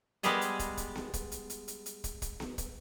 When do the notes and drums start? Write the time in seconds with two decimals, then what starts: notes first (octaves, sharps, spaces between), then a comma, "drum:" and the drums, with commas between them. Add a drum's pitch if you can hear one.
0.23 G3 G#3 B3 G4 G#4 D#5, drum: hi-hat
0.41 drum: hi-hat
0.59 drum: kick, hi-hat
0.77 drum: kick, hi-hat
0.96 drum: snare B3
1.14 drum: kick, hi-hat
1.32 drum: hi-hat
1.50 drum: hi-hat
1.68 drum: hi-hat
1.86 drum: hi-hat
2.04 drum: kick, hi-hat
2.22 drum: kick, hi-hat
2.40 drum: snare B3
2.58 drum: kick, hi-hat